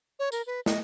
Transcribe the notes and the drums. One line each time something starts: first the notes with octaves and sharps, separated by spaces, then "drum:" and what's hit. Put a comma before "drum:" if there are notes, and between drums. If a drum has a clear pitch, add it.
C#5
A#4, drum: tambourine
B4
D#5, drum: snare